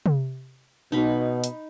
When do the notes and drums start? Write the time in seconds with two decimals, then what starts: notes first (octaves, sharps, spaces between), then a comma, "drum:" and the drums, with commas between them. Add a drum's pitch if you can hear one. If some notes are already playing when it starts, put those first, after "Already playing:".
0.06 drum: tom C3
0.92 B2 D#4 B5
1.44 drum: hi-hat